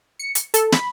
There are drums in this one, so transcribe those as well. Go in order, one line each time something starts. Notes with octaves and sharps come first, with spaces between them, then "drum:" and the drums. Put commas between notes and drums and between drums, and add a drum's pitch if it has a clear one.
C#7
drum: hi-hat
A4, drum: hi-hat
B5, drum: snare